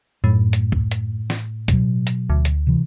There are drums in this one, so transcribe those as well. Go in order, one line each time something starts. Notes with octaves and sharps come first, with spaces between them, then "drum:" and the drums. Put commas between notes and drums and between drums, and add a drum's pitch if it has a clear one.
F#2 A2 A3
drum: hi-hat
drum: kick C#2
drum: hi-hat
drum: snare
B2 F#3, drum: kick C#2, hi-hat
drum: hi-hat
D2
drum: hi-hat
C3 E3